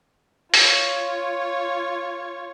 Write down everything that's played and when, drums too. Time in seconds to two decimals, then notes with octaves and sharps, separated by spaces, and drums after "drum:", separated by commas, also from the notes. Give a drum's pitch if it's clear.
0.54 F4 C#5, drum: open hi-hat